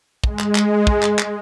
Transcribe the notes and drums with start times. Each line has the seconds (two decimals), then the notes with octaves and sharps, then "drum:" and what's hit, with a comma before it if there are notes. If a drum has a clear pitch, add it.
0.24 G#3, drum: kick
0.39 drum: clap
0.55 drum: clap
0.87 drum: kick
1.03 drum: clap
1.19 drum: clap